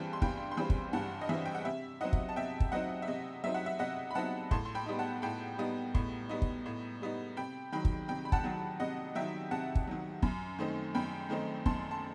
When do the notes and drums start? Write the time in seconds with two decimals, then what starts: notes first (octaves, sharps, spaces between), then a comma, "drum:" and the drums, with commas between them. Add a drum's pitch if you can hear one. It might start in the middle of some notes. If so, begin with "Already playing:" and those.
Already playing: G2 E3 G3 C4 G5 A5 B5
0.13 C6
0.22 G2 G5 B5, drum: kick
0.52 C6
0.57 E3 G3 C4 G5 B5
0.70 drum: kick
0.93 G2 F#5 A5
1.21 D#5
1.29 E3 G3 C4 E5
1.45 G5
1.55 F#5
1.65 C3 E5
2.01 F#3 C4 D#4 D#5 F#5
2.13 drum: kick
2.29 A5
2.36 C3 E5 G5
2.60 drum: kick
2.72 F#3 C4 D#4 D#5 F#5
3.02 E5
3.08 C3 D#5
3.44 F#3 C4 D#4 E5
3.54 F#5
3.66 E5
3.79 C3 D#5 F#5
4.11 B5
4.15 F#3 C4 D#4 F#5 A5
4.51 A2 A5 C6, drum: kick
4.65 C6
4.75 G5 B5
4.86 G3 B3 D#4
4.99 F#5 A5
5.22 A2 G5 B5
5.58 G3 B3 D#4
5.95 A2, drum: kick
6.29 G3 B3 D#4
6.42 drum: kick
6.66 A2
7.02 G3 B3 D#4
7.37 C3 G5 B5
7.72 D#3 F#3 G5 B5
7.85 drum: kick
8.08 C3 G5 B5
8.25 B5
8.32 F#5 A5, drum: kick
8.44 D#3 F#3
8.80 C3 D#5 F#5
9.15 D#3 F#3 E5 G5
9.51 C3 F#5 A5
9.75 drum: kick
9.87 D#3 F#3
10.22 F#2, drum: kick
10.59 D#3 A3 C4 D#4
10.95 F#2 G5 B5
11.30 D#3 A3 C4 D#4
11.66 F#2 A5 C6, drum: kick
11.91 A5